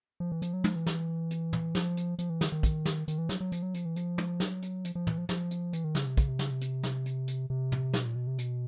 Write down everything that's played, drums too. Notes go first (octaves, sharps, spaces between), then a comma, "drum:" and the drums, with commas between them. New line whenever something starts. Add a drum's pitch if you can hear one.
F3
E3
F3, drum: hi-hat
F#3
F3, drum: tom
E3
drum: snare
drum: hi-hat
drum: tom
F3, drum: snare
drum: hi-hat
F3, drum: hi-hat
E3
D#3, drum: snare
D#3
drum: kick, hi-hat
drum: snare
D#3, drum: hi-hat
E3
F#3, drum: snare
F#3
F3, drum: hi-hat
F#3
F3, drum: hi-hat
E3
F3, drum: hi-hat
drum: tom
F#3, drum: snare
drum: hi-hat
F3, drum: hi-hat
F3
E3, drum: tom
F3
F3, drum: snare
drum: hi-hat
E3, drum: hi-hat
D#3
C#3, drum: snare
C3
C#3, drum: kick, hi-hat
C3
C#3, drum: snare
C3
drum: hi-hat
drum: snare
drum: hi-hat
drum: hi-hat
C3
drum: tom
B2, drum: snare
A#2
B2
C3
B2, drum: hi-hat